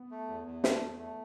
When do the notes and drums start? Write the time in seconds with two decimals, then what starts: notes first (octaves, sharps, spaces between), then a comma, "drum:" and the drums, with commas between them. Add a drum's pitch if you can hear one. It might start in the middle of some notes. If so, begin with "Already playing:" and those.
Already playing: B3
0.11 A3
0.29 E2 B3
0.46 E2
0.64 A3, drum: snare
0.81 E2
0.98 A3